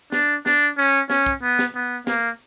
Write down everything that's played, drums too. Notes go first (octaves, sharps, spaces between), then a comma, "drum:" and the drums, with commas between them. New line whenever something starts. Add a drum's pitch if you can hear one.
D4, drum: snare
D4, drum: snare
C#4
C#4, drum: snare
drum: kick
B3
drum: snare
B3
A#3, drum: snare